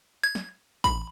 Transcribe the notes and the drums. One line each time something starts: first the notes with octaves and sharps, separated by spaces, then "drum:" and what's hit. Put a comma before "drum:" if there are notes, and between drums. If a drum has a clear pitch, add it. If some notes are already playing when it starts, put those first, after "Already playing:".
G#6
drum: snare
B5, drum: kick